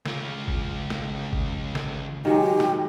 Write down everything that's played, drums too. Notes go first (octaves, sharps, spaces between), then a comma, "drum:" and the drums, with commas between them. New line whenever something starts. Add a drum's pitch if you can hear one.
C#3 F4, drum: snare
drum: kick G#1
drum: snare
drum: kick G#1
drum: snare
D#3 F#3 G#3 G4
drum: snare